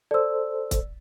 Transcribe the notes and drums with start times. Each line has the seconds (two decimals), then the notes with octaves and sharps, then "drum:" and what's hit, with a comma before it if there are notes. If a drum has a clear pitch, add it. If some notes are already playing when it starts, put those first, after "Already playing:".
0.11 A4 C5 D5 E6
0.71 drum: kick, hi-hat